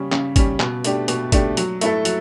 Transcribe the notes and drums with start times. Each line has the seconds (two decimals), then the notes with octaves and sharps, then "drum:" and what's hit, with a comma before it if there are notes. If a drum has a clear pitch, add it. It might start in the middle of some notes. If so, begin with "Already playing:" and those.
Already playing: C#3 G3 C#4
0.12 C#3, drum: clap
0.36 G3 C#4, drum: kick, hi-hat
0.60 B2, drum: clap
0.84 A3 D4 G4, drum: hi-hat
1.08 B2, drum: hi-hat
1.32 A3 D4 G4, drum: kick, hi-hat
1.57 F#3, drum: hi-hat
1.81 A3 E4 A4, drum: hi-hat
2.05 F#3, drum: hi-hat